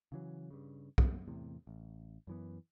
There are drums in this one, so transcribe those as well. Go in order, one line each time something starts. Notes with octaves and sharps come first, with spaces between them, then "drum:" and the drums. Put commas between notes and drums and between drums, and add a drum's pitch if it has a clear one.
C#3 E3 F#3
G2 C#3
drum: kick
F#2
E2 A2 C3
A1
F#2 E3 B3